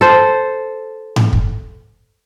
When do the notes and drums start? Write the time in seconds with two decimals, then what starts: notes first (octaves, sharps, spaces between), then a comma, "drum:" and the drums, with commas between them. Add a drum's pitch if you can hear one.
0.01 A4 C5
1.16 drum: tom G#2
1.33 drum: kick